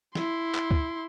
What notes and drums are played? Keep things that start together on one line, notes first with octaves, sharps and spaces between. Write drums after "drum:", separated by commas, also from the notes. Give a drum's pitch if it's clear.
E4 C6, drum: snare
drum: clap
drum: kick D2